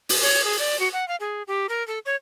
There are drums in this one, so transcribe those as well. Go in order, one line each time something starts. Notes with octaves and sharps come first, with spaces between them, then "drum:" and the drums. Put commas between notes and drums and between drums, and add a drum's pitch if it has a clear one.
drum: open hi-hat
C#5
G#4
D5
F#4
F#5
F5
G#4
G4
A#4
A4
C#5